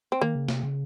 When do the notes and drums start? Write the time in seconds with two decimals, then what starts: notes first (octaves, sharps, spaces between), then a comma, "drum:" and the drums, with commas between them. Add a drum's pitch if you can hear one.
0.12 C4
0.21 D#3 A#3
0.35 C#3
0.49 C3, drum: snare
0.63 C#3